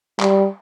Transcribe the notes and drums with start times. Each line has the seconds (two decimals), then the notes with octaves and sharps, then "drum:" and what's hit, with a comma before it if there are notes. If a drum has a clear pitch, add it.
0.20 G3, drum: clap